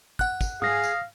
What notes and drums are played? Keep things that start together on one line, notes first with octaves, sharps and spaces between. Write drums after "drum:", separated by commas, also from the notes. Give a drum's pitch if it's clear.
F#5 F#6, drum: kick
drum: kick, tambourine
G#4 F5 D#6 A#6, drum: tom G#2
drum: tambourine